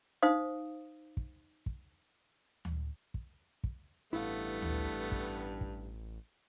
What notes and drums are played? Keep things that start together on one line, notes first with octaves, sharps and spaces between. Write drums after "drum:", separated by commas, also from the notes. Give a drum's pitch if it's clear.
D#4 C5 F5 D#6
drum: kick
drum: kick
drum: tom D2
drum: kick
drum: kick
A1 G2 A3 B3 E4 F5
drum: tom D2
drum: kick
drum: kick